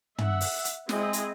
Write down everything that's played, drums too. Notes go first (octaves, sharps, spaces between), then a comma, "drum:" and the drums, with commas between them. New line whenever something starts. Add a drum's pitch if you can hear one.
E5 F#5, drum: tom
drum: open hi-hat
drum: hi-hat
G#3 C4 E4 G#4 D#5, drum: snare
drum: hi-hat